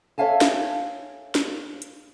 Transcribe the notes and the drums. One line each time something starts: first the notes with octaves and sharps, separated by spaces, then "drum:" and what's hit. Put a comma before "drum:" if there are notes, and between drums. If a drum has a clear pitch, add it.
A4 C#5 E5 F5 G#5 A5
drum: snare
drum: snare
drum: hi-hat